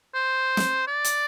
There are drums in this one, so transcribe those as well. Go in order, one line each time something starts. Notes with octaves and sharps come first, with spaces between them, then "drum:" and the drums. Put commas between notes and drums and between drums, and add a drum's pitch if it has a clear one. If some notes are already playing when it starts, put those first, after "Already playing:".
C5
drum: snare
D5
drum: hi-hat